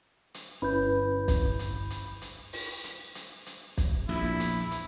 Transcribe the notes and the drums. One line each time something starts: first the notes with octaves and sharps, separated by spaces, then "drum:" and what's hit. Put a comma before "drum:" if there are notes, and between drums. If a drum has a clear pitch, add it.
drum: hi-hat
G1 C#4 E4 B4 B5 G6
drum: kick, hi-hat
drum: hi-hat
drum: hi-hat
drum: hi-hat
drum: open hi-hat
drum: hi-hat
drum: hi-hat
drum: hi-hat
drum: kick, hi-hat
A#1 E2 E4
drum: hi-hat
drum: hi-hat